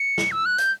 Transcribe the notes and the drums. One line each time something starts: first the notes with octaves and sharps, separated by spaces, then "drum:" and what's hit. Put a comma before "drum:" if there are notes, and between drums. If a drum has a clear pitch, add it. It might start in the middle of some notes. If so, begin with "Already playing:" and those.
Already playing: C#7
drum: snare
E6
F#6
G6, drum: hi-hat